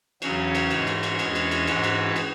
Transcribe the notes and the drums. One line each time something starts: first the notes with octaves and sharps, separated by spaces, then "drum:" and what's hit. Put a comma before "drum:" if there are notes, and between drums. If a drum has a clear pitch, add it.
E2 C#3 F#3 C#4 F#4, drum: cymbal
drum: cymbal
G#2 E3 G#3, drum: cymbal
drum: cymbal
drum: cymbal
E2 E3 G#3, drum: cymbal
drum: cymbal
drum: cymbal
G#2 E3 G#3 F#4 B4, drum: cymbal
drum: cymbal
drum: cymbal